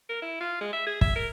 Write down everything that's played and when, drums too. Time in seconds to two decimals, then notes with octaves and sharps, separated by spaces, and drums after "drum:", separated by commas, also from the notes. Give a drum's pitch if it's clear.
0.09 A#4
0.22 E4
0.41 F4
0.61 G#3
0.73 E5
0.87 G#4
1.01 E5, drum: kick
1.16 A#4